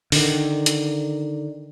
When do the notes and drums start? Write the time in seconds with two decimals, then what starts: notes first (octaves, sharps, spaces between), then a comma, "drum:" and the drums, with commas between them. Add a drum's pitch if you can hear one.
0.12 D3 D#3, drum: open hi-hat
0.66 drum: hi-hat